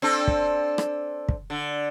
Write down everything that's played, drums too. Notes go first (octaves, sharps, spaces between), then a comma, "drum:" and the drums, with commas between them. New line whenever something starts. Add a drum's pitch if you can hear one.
C4 D4 A4
drum: kick
drum: rim click
drum: kick
D3